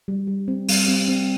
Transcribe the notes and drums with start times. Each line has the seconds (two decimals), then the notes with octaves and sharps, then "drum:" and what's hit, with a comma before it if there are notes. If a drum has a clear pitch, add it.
0.08 G3
0.27 G3
0.48 C4
0.69 G3, drum: open hi-hat
0.88 C4
1.08 C4